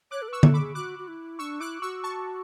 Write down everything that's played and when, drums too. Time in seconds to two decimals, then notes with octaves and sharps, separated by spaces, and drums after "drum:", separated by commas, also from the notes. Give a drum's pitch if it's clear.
0.11 C#5 D6 F#6
0.22 A4
0.28 B4 C#6 E6
0.43 A4, drum: tom D3
0.54 B5 D6
0.60 G#4
0.75 F#4 D6 F#6
0.99 F#4
1.08 E4
1.39 D4 C#6 E6
1.60 E4 D6 F#6
1.82 F#4 C#6 E6
2.04 A5 C#6